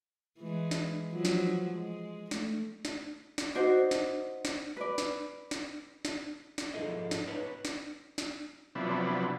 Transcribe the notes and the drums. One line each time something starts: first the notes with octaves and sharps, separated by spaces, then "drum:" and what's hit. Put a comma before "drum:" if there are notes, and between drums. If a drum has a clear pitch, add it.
E3 G#3
drum: snare
F3 F#3
drum: snare
G#3
A3, drum: snare
drum: snare
drum: snare
D#4 F#4 C5 D5
drum: snare
drum: snare
B4 D5
drum: snare
drum: snare
drum: snare
drum: snare
G#2 F3 E4 G#4 A4 D#5
drum: snare
D4 D#4 B4 C#5
drum: snare
drum: snare
C3 F3 F#3 B3 D4 E4